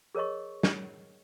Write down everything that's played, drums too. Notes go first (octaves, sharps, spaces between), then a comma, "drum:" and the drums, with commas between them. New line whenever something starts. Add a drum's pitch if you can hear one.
G#4 A#4 C#5 D#5 C#6
drum: snare